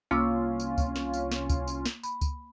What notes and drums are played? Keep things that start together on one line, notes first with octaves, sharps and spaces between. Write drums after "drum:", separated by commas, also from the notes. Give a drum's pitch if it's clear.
C2 A#3 C#4 F4 D6 E6
drum: tambourine
drum: kick C#2, tambourine
drum: snare
drum: tambourine
drum: snare
drum: kick C#2, tambourine
drum: tambourine
drum: snare
B5, drum: tambourine
drum: kick C#2, tambourine